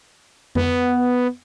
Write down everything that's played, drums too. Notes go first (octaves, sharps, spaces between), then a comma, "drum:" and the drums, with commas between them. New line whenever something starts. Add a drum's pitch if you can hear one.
B3, drum: tom F2